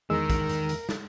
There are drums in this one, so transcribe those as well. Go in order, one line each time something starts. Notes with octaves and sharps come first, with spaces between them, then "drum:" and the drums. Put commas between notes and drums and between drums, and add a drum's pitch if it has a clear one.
E2 D#3 G#3 A#4 E6
drum: kick, hi-hat
drum: hi-hat
drum: hi-hat
drum: snare